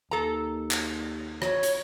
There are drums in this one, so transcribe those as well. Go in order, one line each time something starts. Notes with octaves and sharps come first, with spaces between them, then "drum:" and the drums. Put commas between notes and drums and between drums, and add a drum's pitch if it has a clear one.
D#2 A4 A#5
drum: clap
C#5, drum: rim click
drum: hi-hat